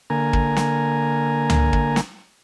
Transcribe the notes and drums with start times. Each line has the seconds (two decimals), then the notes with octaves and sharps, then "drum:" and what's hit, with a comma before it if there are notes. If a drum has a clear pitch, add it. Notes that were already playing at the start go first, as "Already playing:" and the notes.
0.10 D3 A#3 G#5 A#5
0.33 drum: kick
0.57 drum: snare
1.50 drum: tom
1.73 drum: kick
1.96 drum: snare